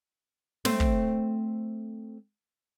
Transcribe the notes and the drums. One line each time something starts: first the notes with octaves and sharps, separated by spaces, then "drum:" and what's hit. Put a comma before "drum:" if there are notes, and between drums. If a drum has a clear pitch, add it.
A3 C4, drum: snare
drum: kick